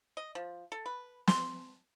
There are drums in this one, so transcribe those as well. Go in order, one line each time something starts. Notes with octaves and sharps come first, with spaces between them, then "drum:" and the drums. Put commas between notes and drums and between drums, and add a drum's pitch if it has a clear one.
D#5
F3
A4
B4
C6, drum: snare